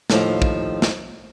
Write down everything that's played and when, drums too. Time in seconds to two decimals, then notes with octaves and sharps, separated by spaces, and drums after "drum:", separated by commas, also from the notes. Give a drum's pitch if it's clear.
0.10 D#2 A2 F3, drum: snare
0.42 drum: kick
0.82 drum: snare